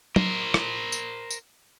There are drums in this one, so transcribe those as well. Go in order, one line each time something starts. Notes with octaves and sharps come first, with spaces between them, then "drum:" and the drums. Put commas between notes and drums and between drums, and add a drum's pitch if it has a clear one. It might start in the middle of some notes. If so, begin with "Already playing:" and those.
A#4 C5, drum: tom F#3
drum: rim click
drum: tambourine
drum: tambourine